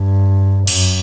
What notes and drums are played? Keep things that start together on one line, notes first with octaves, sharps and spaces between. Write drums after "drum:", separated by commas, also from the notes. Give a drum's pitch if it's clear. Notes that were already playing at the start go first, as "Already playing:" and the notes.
Already playing: G2
F#2, drum: cymbal